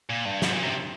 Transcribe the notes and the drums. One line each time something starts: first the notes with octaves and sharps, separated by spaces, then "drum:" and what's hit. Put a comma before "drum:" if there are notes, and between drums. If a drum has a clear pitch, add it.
A#2
G2
G#2, drum: snare
A#2
C3